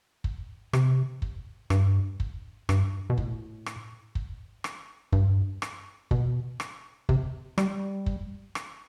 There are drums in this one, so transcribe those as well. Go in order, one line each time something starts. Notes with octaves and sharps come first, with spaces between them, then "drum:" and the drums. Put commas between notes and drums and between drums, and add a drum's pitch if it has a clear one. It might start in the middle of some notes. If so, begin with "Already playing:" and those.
drum: kick
C3, drum: rim click
drum: kick
G2, drum: rim click
drum: kick
G2, drum: rim click
B2
A2, drum: kick
drum: rim click
drum: kick
drum: rim click
G2, drum: kick
drum: rim click
B2, drum: kick
drum: rim click
C3, drum: kick
G3, drum: rim click
drum: kick
drum: rim click